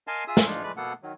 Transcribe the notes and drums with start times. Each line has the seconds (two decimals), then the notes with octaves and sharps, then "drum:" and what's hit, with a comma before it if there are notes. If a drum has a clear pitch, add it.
0.07 A#4 D#5 F5 G#5 A5 C6
0.28 F4 G#4 E5 D#6 E6
0.37 drum: snare
0.46 G#2 D4 D#4 F4
0.63 G#3 A3 B4 D5
0.77 B2 A#3 B3 A4 F#5
1.03 D#3 F#3